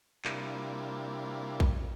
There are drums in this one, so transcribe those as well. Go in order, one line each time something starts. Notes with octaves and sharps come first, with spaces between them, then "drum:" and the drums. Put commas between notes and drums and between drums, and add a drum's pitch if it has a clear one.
C3 G3 A#3 D4 E4 F4, drum: clap
drum: kick A#1